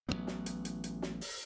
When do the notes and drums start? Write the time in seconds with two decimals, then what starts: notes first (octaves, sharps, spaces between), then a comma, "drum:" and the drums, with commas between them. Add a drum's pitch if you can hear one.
0.09 A1 E3 F#3 B3
0.27 drum: snare
0.46 drum: hi-hat
0.65 drum: hi-hat
0.84 drum: hi-hat
1.02 drum: snare
1.21 drum: open hi-hat